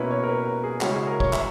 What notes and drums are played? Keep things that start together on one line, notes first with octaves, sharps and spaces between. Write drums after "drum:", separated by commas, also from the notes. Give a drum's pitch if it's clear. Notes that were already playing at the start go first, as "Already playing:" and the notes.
Already playing: B2 A#3 C#4 E4 B4 C#5
C#5
A#4
B4
A#4
G#4
C#3 G#3 C#4 E4 F#4, drum: clap
G#4
A#4
C#5, drum: kick
E5, drum: clap